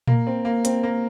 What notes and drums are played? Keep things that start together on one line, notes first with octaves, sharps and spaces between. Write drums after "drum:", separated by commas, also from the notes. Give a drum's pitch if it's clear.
A#3, drum: tom A#2
C4
A#3
C4, drum: hi-hat
A#3